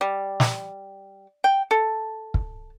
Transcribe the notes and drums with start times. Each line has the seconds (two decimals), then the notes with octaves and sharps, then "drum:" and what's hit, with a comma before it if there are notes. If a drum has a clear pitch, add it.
0.01 G3
0.40 drum: snare
1.44 G5
1.71 A4
2.34 drum: kick